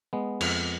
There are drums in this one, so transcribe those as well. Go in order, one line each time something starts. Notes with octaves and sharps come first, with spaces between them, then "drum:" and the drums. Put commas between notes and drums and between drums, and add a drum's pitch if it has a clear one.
G#3 B3
F2, drum: cymbal